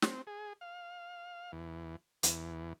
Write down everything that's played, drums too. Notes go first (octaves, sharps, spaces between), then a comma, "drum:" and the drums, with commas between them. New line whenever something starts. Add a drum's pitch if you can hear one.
C4, drum: snare
G#4
F5
E2
E2, drum: hi-hat